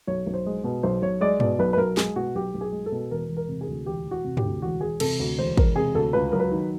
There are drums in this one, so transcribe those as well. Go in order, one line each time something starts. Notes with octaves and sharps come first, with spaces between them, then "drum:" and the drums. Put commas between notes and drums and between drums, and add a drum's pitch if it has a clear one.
B1 C#5
B1
C5
G#3
B2
B1 C5
B1 C#5
G#3 D5
B2 D5, drum: tom G2
B1 B4
B4
B1 A#4
G#3 G#4, drum: snare
B2 F#4
B1 G4
B1
G#4
G#3
A4
B2
E1 A#4
E1
A#4
C3
G#4
D2
E1 G4
E1
F#4
C3
G4, drum: tom G2
D2
E1 F#4
E1 G#4
C3 A4, drum: cymbal
D2
E1 C5
E1 A#4, drum: kick
C3 G#4
D2 A4
C#2 B4
F#3 A#4
B4
D#3